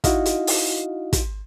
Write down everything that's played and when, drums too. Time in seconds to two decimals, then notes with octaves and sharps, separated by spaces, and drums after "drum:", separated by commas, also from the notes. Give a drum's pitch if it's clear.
0.04 D#4 E4 F#4 D#5 F5, drum: kick, hi-hat
0.26 drum: hi-hat
0.47 drum: open hi-hat
1.13 drum: kick, hi-hat